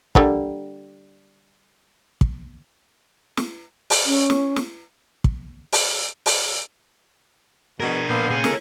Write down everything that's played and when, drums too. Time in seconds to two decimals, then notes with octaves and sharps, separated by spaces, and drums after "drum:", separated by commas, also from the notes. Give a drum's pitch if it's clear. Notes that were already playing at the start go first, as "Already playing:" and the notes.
0.15 D3 G3 A#3, drum: kick
2.21 drum: kick
3.37 drum: snare
3.90 drum: open hi-hat
4.06 C#4
4.30 drum: snare
4.56 drum: snare
5.24 drum: kick
5.72 drum: open hi-hat
6.26 drum: open hi-hat
7.80 B2 D4 G#4 A#4
8.09 A#2 D3 A#3 B3 G5 C6
8.31 C#4 G#4
8.44 G#3 A4 A#4, drum: snare